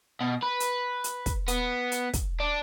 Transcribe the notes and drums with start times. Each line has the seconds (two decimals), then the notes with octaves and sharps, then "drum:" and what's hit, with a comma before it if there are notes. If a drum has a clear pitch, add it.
0.21 B2
0.42 B4
0.60 drum: hi-hat
1.04 drum: hi-hat
1.26 drum: kick, hi-hat
1.48 B3, drum: hi-hat
1.92 drum: hi-hat
2.13 drum: kick, hi-hat
2.40 D4